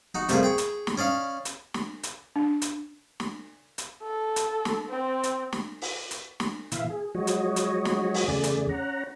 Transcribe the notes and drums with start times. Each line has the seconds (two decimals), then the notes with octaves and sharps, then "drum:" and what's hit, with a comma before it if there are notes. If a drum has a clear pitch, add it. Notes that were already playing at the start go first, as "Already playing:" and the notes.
0.15 D#4 F#4
0.29 C3 G3 A3 A#3 G#4, drum: hi-hat
0.43 G#4 G5 C#6
0.58 drum: hi-hat
0.87 drum: snare
0.98 C#4 D5 D#5 F5
1.45 drum: hi-hat
1.74 drum: snare
2.03 drum: hi-hat
2.36 D4
2.62 drum: hi-hat
3.20 drum: snare
3.78 drum: hi-hat
4.03 A4
4.36 drum: hi-hat
4.65 drum: snare
4.89 C4
5.23 drum: hi-hat
5.53 drum: snare
5.82 drum: open hi-hat
6.11 drum: hi-hat
6.40 drum: snare
6.72 A#2 E3 E5 F5, drum: hi-hat
6.90 G#4
7.15 F3 F#3 G#3 F#4 C#5 D#5
7.27 drum: hi-hat
7.56 drum: hi-hat
7.85 drum: snare
8.14 drum: open hi-hat
8.28 E2 C#3 A3 G#4 D5
8.43 drum: hi-hat
8.69 C#4 F#5 A#5